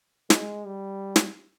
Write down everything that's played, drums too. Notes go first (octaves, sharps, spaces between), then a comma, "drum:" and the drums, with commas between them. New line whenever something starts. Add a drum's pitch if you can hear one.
G#3, drum: snare
G3
drum: snare